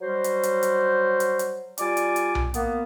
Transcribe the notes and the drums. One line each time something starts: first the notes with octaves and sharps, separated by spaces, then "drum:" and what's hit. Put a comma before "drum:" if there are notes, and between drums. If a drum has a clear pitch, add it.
F#3 G3 F#4 C5
drum: hi-hat
drum: hi-hat
drum: hi-hat
drum: hi-hat
drum: hi-hat
G3 F4 D5 G#5 D6, drum: hi-hat
drum: hi-hat
drum: hi-hat
drum: tom B1
A#3 B3, drum: hi-hat